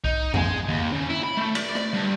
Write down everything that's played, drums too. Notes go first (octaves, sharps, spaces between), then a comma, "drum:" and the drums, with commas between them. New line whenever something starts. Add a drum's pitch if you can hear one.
D#4, drum: kick B1
G#3, drum: tom E2
D#2
C#3
E4
B5
A3
D5, drum: cymbal
drum: rim click
G2